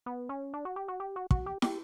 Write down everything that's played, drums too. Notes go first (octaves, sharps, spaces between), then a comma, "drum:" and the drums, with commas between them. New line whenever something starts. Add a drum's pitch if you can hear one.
B3
C#4
D4
F#4
G4
F#4
G4
F#4
F#4, drum: kick
G4
G4, drum: snare